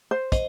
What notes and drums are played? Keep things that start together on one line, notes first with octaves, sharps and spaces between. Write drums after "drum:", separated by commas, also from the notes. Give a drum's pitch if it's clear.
C5
C5 D#5, drum: kick, hi-hat